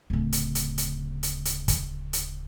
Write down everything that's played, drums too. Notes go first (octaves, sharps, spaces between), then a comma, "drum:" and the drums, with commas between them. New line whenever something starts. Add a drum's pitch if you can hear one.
D1 C#3
drum: hi-hat
drum: hi-hat
drum: hi-hat
drum: hi-hat
drum: hi-hat
drum: kick, hi-hat
drum: hi-hat